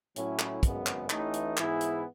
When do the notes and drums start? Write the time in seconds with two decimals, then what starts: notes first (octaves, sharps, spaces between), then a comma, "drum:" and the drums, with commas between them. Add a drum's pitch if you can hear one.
0.16 A2 F#3 A3 C#4 E4, drum: hi-hat
0.39 drum: clap
0.63 G#1 F#2 C#3 G#3 B3, drum: kick, hi-hat
0.86 drum: clap
1.10 A1 A2 E3 A3 D#4, drum: clap
1.34 drum: hi-hat
1.57 G#2 E3 B3 E4 G#4, drum: clap
1.81 drum: hi-hat